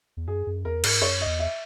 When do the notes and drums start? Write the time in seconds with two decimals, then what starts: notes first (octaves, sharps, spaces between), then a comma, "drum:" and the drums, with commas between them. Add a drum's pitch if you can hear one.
0.17 E2
0.28 F#2 G#4
0.47 F#2
0.65 E2 A#4
0.84 G#2 A#4, drum: cymbal
1.02 F#2 C#5
1.21 D#5
1.26 E2
1.39 E5